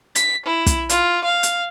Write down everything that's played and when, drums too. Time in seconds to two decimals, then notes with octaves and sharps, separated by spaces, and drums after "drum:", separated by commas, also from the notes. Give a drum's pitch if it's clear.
0.15 B6, drum: hi-hat
0.46 E4
0.66 drum: kick, hi-hat
0.89 F4, drum: hi-hat
1.25 F5
1.43 drum: hi-hat